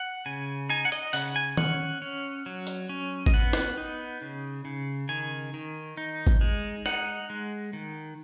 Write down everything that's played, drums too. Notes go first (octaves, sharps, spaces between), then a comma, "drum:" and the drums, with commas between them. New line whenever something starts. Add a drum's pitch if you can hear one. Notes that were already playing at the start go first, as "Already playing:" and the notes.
Already playing: F#5
C#3 G#5
D#4 G#5
F#5
D#5, drum: hi-hat
C#3 F#5, drum: open hi-hat
G#5
C#4 F#5, drum: tom D#3
C#4
F#3
drum: hi-hat
C#4
D#5, drum: kick
B3 F#5
drum: snare
D#4
C#3
C#3
D#3 G#5
D#3
D#4
drum: kick
G#3
D#4 F#5, drum: rim click
G#3
D#3